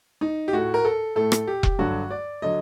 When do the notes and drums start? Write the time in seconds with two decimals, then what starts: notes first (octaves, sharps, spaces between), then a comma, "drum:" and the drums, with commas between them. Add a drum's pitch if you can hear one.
0.21 D#4
0.48 G4
0.53 A2 A3 F#4
0.74 A#4
0.85 A4
1.15 A2 A3 A4
1.32 drum: rim click
1.47 G4
1.63 drum: kick E1
1.79 G2 D3 F#3 F#4
2.11 D5
2.42 D3 F#3 D#5